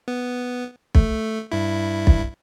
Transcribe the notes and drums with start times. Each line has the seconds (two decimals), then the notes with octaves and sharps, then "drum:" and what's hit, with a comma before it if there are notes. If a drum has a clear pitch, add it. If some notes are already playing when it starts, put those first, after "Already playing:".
0.08 B3
0.95 A3, drum: kick
1.52 G2 E4
2.07 drum: kick